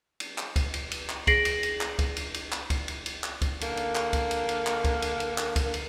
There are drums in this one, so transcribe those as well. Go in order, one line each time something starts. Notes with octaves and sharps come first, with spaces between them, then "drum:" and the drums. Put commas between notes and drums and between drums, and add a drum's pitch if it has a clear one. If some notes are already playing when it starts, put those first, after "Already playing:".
drum: cymbal
drum: clap
drum: kick, cymbal
drum: cymbal
drum: cymbal
drum: clap
G#4 A#6 C7 D7 F#7, drum: kick, cymbal
drum: cymbal
drum: cymbal
drum: clap
drum: kick, cymbal
drum: cymbal
drum: cymbal
drum: clap
drum: kick, cymbal
drum: cymbal
drum: cymbal
drum: clap
drum: kick, cymbal
D3 A#3, drum: cymbal
drum: cymbal
drum: clap
drum: kick, cymbal
drum: cymbal
drum: cymbal
drum: clap
drum: kick, cymbal
drum: cymbal
drum: cymbal
drum: clap
drum: kick, cymbal
drum: cymbal